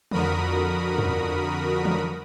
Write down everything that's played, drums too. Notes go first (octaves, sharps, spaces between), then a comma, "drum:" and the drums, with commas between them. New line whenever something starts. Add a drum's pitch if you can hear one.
F2 D3 F#4 A#4 B5 D#6, drum: tom
drum: tom
drum: tom